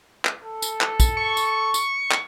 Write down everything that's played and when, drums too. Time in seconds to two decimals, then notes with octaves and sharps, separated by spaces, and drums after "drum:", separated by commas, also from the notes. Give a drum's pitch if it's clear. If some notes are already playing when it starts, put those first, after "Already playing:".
0.25 drum: clap
0.44 A4
0.62 drum: tambourine
0.81 drum: clap
1.00 drum: kick, tambourine
1.17 C#6
1.37 drum: tambourine
1.74 drum: tambourine
2.11 drum: clap